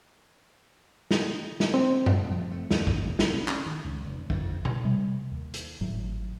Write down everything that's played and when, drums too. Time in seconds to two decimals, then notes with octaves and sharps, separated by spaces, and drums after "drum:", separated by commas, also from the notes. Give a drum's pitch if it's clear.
1.11 drum: snare
1.60 drum: snare
1.74 C4
2.06 drum: tom F#2
2.31 F3
2.51 A3
2.70 D#2, drum: snare
2.87 drum: kick
3.01 F1
3.19 C#3, drum: snare
3.34 C4
3.48 C#4, drum: clap
3.66 D#3
3.84 C#2
4.04 F1
4.30 F2, drum: kick
4.65 drum: tom B2
4.84 C3 G3
5.32 D#2
5.54 drum: hi-hat
5.81 G#1 A2 F#3